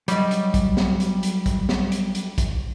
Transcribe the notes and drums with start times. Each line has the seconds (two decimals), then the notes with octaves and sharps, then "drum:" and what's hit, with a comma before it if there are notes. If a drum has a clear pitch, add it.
0.08 F#3 G3 D#5, drum: hi-hat
0.31 drum: hi-hat
0.54 drum: kick, hi-hat
0.77 drum: snare
1.00 drum: hi-hat
1.23 drum: hi-hat
1.46 drum: kick, hi-hat
1.69 drum: snare
1.92 drum: hi-hat
2.15 drum: hi-hat
2.38 drum: kick, hi-hat